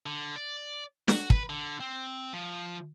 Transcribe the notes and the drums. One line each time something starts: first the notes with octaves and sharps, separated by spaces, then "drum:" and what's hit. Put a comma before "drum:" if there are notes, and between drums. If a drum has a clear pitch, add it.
D3
D5
F#4, drum: snare
B4, drum: kick
D3
C4
F3